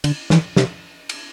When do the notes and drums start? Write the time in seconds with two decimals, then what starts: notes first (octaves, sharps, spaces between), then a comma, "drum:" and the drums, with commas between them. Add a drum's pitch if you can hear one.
0.04 D3, drum: cymbal
0.30 E3, drum: snare
0.56 C3, drum: snare
1.09 drum: cymbal